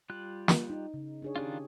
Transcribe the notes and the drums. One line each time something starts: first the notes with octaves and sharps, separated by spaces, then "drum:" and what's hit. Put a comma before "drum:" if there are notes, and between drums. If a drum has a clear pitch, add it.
G3 F4 F#6
drum: snare
D#4
C#3
D4 G#4 C#5
D#3 C#4 D4 F4 G4